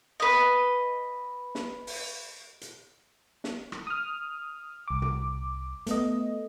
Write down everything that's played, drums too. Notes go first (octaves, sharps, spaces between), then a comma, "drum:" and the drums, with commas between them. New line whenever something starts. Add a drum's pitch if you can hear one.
B4 D#5
drum: snare
drum: open hi-hat
drum: hi-hat
drum: snare
drum: rim click
D#6 F6
C2 D6
drum: tom
A3 B3 D#5, drum: hi-hat